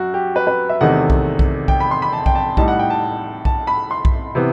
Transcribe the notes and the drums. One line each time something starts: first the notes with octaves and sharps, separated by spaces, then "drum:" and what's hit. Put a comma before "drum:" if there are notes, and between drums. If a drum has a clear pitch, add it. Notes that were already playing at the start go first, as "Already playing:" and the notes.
Already playing: F#2 F#4
G4
B4
B4
E5
E2 C3 D#3 A3 D#4 F#5
drum: kick B1
drum: kick B1
G5, drum: kick B1
B5
C6
B5
A5
G5, drum: kick B1
A5
A2 G3 D#4 A5, drum: kick B1
F#5
G5
A5
A5, drum: kick B1
B5
C6
drum: kick B1
C3 E3 B3